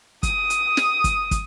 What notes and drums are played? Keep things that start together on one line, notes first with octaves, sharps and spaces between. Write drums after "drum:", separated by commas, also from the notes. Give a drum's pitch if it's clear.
D#6, drum: kick, hi-hat
drum: hi-hat
drum: snare
drum: kick, hi-hat
drum: kick, hi-hat